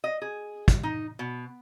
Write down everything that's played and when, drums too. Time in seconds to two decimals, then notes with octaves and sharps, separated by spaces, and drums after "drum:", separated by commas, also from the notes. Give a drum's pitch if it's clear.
0.04 D#5
0.22 G#4
0.68 drum: kick, hi-hat
0.83 D#4
1.19 B2